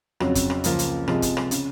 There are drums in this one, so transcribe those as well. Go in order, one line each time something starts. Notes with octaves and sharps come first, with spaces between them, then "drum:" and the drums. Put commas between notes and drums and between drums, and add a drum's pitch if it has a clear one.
F2 C#3 F#3, drum: rim click
drum: kick, hi-hat
drum: rim click
C#2 C#3 F3 A#3, drum: hi-hat
drum: hi-hat
C3 F3 G#3, drum: rim click
drum: kick, hi-hat
drum: rim click
C#3, drum: hi-hat